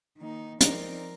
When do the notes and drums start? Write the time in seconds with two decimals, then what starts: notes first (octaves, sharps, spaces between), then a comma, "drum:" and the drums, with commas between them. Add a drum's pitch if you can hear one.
0.17 D#3 A#3 D#4
0.61 F3 C4 D#4 A#4 D5, drum: hi-hat